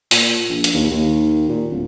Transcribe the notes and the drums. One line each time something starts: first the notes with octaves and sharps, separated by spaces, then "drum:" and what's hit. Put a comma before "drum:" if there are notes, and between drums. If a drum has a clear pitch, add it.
A#2, drum: open hi-hat
A#1
drum: hi-hat
D#2
D#2
A#2
D1